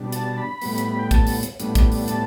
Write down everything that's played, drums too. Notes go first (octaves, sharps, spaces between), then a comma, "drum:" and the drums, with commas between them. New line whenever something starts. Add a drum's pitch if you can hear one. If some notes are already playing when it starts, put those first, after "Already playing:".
Already playing: B2 G3 D4
A5, drum: hi-hat
A5
B5
A2 G3 B3, drum: open hi-hat
drum: hi-hat
G5
A5, drum: kick, hi-hat
drum: open hi-hat
drum: hi-hat
A2 G3 B3 D4, drum: hi-hat
drum: kick, hi-hat
drum: open hi-hat
A5, drum: hi-hat